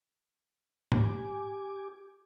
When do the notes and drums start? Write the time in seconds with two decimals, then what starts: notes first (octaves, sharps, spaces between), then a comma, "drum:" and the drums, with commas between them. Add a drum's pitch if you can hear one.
0.92 G4 G#5 D6, drum: tom G#2